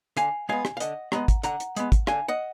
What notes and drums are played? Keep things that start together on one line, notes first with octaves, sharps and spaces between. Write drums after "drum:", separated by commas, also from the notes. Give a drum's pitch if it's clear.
D3 F5 G#5, drum: hi-hat
G#3 B3 F5 G#5
drum: rim click
F5
D3 D#5 F#5, drum: hi-hat
G#3 B3 F#5 A#5, drum: rim click
drum: kick, hi-hat
D3 F#5 A#5, drum: hi-hat
drum: hi-hat
G#3 B3, drum: hi-hat
drum: kick, hi-hat
D3 F5 G#5, drum: rim click
D#5 F#5